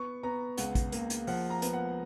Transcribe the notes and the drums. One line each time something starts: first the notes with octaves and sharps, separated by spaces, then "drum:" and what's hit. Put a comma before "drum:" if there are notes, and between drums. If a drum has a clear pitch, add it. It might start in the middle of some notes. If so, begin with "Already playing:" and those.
Already playing: B3 C#6
B3 A#5
C#2 F#5, drum: hi-hat
drum: kick, hi-hat
A#3, drum: hi-hat
drum: hi-hat
F3 F#5, drum: open hi-hat
A#5
B3, drum: hi-hat
F#5